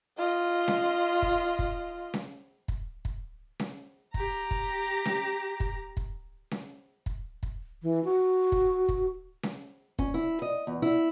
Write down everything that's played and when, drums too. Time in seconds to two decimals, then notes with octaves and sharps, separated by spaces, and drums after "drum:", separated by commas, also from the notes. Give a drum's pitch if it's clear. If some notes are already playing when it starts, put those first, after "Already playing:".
0.18 F4 D#5
0.68 drum: snare C#4
1.22 drum: kick
1.59 drum: kick
2.14 drum: snare C#4
2.68 drum: kick
3.05 drum: kick
3.60 drum: snare C#4
4.14 G4 A#5, drum: kick
4.51 drum: kick
5.05 drum: snare C#4
5.60 drum: kick
5.97 drum: kick
6.51 drum: snare C#4
7.06 drum: kick
7.43 drum: kick
7.83 E3
8.04 F#4
8.52 drum: kick
8.89 drum: kick
9.43 drum: snare C#4
9.99 C#4, drum: kick
10.14 E4
10.42 D#5
10.67 E2
10.82 E4